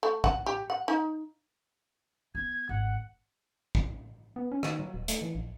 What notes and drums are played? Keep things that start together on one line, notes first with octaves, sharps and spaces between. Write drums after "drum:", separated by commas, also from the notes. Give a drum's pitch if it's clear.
A3
F#5, drum: kick
G4
F#5
D#4
B3 G#6
G#1 F#5
drum: kick
B3
C#4
D#3, drum: rim click
F#3
D#1
A3, drum: hi-hat
E3
A#1